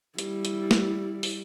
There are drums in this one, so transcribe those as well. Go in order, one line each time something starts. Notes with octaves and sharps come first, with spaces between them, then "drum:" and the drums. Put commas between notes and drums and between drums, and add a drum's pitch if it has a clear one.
G3 E4, drum: hi-hat
drum: hi-hat
drum: snare
drum: open hi-hat